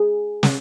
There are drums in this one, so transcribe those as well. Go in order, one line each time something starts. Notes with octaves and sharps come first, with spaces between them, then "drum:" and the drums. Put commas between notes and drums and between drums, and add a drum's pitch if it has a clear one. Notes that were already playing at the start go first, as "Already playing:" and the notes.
Already playing: G#4
drum: snare